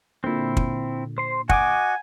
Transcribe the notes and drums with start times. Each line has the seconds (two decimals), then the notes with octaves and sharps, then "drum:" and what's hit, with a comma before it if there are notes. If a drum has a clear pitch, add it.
0.24 A#2 D3 C4 E4
0.57 drum: kick
1.18 C5 C6
1.49 F#4 D#5 F#5 G#5 D6, drum: kick